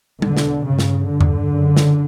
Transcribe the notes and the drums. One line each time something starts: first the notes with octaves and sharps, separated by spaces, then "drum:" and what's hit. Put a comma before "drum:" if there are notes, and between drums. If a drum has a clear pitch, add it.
E2 B2 D3, drum: tom
drum: snare
G2 C#3
drum: snare
G2 D3
drum: tom E2
F#2 C#3
drum: snare